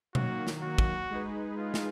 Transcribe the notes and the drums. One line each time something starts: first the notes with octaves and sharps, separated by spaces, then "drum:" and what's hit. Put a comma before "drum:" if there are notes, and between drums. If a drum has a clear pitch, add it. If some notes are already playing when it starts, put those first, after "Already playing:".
D#3 F#3 A#3 F#4, drum: tom B2
drum: snare
F#4
drum: kick
G#3 D#4 G#4 B4
F4
drum: snare